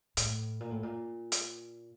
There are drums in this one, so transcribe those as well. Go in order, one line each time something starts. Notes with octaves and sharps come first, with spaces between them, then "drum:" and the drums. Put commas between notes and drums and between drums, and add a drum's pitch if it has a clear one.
A2, drum: hi-hat
A#2
A2
A#2
drum: hi-hat